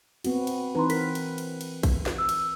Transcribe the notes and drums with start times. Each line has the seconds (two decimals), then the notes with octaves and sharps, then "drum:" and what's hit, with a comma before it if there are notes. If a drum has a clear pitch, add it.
0.24 B3 C4 F#4, drum: cymbal
0.47 drum: cymbal
0.75 E3 C4 D#4 B4 A#5 C6
0.90 A#4 B6, drum: cymbal
1.15 drum: cymbal
1.38 drum: cymbal
1.61 drum: cymbal
1.83 drum: kick A#1, cymbal
2.06 drum: snare
2.18 E6
2.29 drum: cymbal